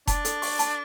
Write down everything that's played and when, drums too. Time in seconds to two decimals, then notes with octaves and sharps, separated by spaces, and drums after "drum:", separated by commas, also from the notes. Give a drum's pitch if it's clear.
0.07 D4 A5, drum: kick F1, hi-hat
0.25 A4, drum: hi-hat
0.42 C#6, drum: open hi-hat
0.59 A5, drum: hi-hat